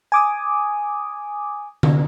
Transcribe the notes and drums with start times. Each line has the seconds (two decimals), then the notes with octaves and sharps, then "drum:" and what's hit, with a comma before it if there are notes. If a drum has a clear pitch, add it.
0.12 G#5 D6 D#6
1.83 drum: tom D3